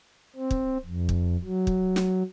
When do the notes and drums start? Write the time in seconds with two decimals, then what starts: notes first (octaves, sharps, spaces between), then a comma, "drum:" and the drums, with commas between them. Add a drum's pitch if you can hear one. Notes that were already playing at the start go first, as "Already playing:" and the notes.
0.36 C4
0.51 drum: kick
0.86 F2
1.09 drum: kick
1.44 F#3
1.67 drum: kick
1.96 drum: snare